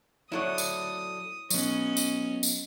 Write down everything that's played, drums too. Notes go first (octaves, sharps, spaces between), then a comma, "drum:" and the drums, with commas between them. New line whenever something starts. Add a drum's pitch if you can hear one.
F#3 E4 A4 C#5 D5 F#5 D#6
drum: tambourine
F#3 B3 C#4 D#5, drum: tambourine
drum: tambourine
drum: tambourine